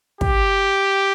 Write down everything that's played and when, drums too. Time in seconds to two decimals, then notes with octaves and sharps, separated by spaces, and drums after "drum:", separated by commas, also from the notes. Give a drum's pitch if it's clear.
0.21 G4, drum: kick